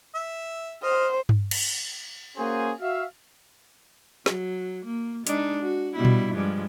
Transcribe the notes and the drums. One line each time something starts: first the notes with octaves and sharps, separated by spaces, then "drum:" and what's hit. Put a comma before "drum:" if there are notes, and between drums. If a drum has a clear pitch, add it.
E5
C5 D#5 F6
drum: tom G2
drum: cymbal
A#3 C#4 F#4 G#4 C5 G#5
F#4 E5 F5
F#3, drum: snare
A#3
G#3 D4 D#4, drum: hi-hat
F#4
B2 G3 E4
drum: tom A#2
G2 F3 G#3